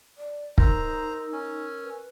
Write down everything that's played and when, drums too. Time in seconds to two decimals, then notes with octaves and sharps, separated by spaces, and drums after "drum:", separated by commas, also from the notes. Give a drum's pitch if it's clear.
0.18 D5
0.58 D#4 A#4 C5 A#5 E6, drum: kick
1.33 C#4
1.83 B4